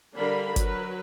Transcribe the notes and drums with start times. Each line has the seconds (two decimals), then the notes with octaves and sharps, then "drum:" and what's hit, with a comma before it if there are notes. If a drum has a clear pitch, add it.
0.16 D3 G3 D4 A#4 F5 B5
0.56 F#3 A#4 B4, drum: kick G1, hi-hat